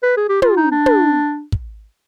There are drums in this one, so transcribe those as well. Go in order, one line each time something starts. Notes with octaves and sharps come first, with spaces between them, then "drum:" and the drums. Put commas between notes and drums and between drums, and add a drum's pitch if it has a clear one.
B4
G#4
G4
F4, drum: tom
D#4
D4
drum: tom
drum: kick